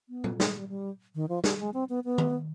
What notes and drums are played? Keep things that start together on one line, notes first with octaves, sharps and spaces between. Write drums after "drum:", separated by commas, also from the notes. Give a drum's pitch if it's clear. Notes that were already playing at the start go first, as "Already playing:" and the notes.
B3
drum: tom
G#3, drum: snare
G3
G3
D#3
F3
G3, drum: snare
G#3
C4
B3
B3
drum: tom D#3